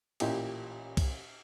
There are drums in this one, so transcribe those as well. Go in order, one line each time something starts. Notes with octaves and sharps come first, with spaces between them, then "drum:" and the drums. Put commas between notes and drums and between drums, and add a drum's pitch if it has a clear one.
A1 A#2 E4 G4 D#5, drum: cymbal
drum: kick C2, cymbal